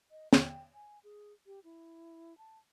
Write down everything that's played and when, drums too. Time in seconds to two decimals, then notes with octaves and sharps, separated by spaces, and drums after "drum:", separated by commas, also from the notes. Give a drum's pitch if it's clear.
0.11 D#5
0.33 G5, drum: snare
0.74 G#5
1.04 G#4
1.46 G4
1.64 E4
2.38 A5